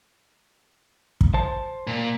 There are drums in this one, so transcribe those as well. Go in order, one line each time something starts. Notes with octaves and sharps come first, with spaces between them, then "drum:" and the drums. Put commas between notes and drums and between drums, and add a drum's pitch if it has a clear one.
drum: kick
C5 A5
A#2